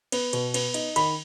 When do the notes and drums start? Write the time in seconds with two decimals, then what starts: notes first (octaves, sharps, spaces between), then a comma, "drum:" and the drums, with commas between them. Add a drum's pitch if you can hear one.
0.12 B3, drum: cymbal
0.33 B2, drum: cymbal
0.54 B3, drum: cymbal
0.74 D#4, drum: cymbal
0.96 D#3 B5, drum: cymbal